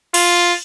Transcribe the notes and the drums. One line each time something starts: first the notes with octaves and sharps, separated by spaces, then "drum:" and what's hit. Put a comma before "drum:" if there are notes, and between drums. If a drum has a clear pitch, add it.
F4, drum: cymbal